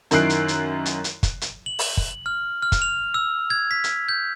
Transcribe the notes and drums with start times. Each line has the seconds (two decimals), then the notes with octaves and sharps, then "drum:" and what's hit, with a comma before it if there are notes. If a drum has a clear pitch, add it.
0.11 F#2 D#3 E4 F#6 C7 D7, drum: hi-hat
0.30 drum: hi-hat
0.48 drum: hi-hat
0.86 drum: hi-hat
1.04 drum: hi-hat
1.23 drum: kick, hi-hat
1.41 drum: hi-hat
1.66 F#7
1.79 drum: open hi-hat
1.97 drum: kick
2.26 F6
2.62 F6
2.72 drum: kick, hi-hat
2.82 F7
3.14 E6
3.50 G#6
3.71 B6
3.84 drum: hi-hat
4.09 G6